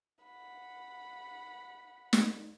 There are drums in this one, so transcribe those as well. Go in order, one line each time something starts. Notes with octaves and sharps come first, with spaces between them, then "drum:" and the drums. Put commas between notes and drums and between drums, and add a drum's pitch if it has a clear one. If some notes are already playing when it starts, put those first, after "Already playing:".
F#5 B5
drum: snare